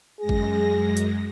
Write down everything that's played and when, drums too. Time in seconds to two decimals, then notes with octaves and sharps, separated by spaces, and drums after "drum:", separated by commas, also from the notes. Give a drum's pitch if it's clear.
0.19 F#2 G#3 G#4 A#6
0.29 drum: kick
0.97 drum: hi-hat